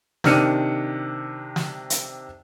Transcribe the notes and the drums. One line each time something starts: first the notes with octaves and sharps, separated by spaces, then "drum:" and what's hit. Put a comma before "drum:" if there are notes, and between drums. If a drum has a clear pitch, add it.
C3 D#3 D4 F6 C#7 D#7, drum: snare
drum: snare
drum: hi-hat